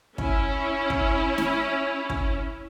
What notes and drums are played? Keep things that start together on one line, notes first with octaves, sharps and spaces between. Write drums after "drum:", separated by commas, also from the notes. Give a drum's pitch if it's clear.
C#4 E4, drum: kick
drum: kick
drum: snare
drum: kick